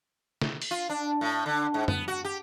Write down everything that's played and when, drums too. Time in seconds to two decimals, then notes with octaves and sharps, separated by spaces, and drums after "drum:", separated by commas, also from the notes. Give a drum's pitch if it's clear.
0.42 drum: snare
0.62 drum: open hi-hat
0.71 F4
0.90 D4
1.21 A2
1.46 D3
1.74 G#2
1.88 B3, drum: tom
2.08 F#4
2.24 G4